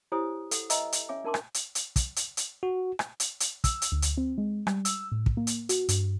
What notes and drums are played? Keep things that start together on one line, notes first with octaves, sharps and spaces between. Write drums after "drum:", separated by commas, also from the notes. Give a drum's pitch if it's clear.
E4 G4 C5 C#5 G#5 D#6
A4 F#5, drum: hi-hat
B4 D#5 E5 G#5 A#5 E6, drum: hi-hat
drum: hi-hat
C#4 C#5 E5 G#5 D6
D4 A#4 A5 C6 D6
drum: rim click
drum: hi-hat
drum: hi-hat
drum: kick, hi-hat
drum: hi-hat
drum: hi-hat
F#4
drum: rim click
drum: hi-hat
drum: hi-hat
E6, drum: kick, hi-hat
drum: hi-hat
D2
drum: hi-hat
C4
G#3
G3, drum: rim click
E6, drum: hi-hat
A2
drum: kick
A#3
drum: hi-hat
F#4, drum: hi-hat
G2, drum: hi-hat